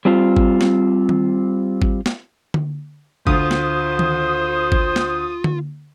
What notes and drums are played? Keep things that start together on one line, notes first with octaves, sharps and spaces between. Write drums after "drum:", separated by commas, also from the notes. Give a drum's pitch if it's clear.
G3 C4 F4
drum: kick G#1
drum: snare
drum: tom D#3
drum: kick G#1
drum: snare
drum: tom D3
D2 F4 C5 D#6, drum: kick G#1
drum: snare
drum: tom D#3
drum: kick G#1
drum: snare
drum: tom D3